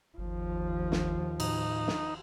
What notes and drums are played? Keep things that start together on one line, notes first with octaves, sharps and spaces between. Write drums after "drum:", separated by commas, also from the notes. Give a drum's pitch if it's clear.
G1 D#2 F3
drum: snare
A2 D#4, drum: cymbal
drum: snare